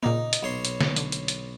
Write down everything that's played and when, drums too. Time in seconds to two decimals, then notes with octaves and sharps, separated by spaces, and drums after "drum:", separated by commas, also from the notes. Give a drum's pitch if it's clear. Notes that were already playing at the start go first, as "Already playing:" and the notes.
0.03 A#2 C#3 A#3 D#4
0.33 drum: hi-hat
0.43 B1 C#5 C6
0.65 drum: hi-hat
0.81 drum: snare
0.96 D3, drum: hi-hat
1.12 drum: hi-hat
1.28 drum: hi-hat